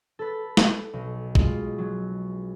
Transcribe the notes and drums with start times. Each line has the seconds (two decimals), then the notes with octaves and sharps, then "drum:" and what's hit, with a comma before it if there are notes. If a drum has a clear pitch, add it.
0.19 A4 B4
0.57 drum: snare
0.93 B1
1.35 G#3 F4, drum: kick
1.78 F#3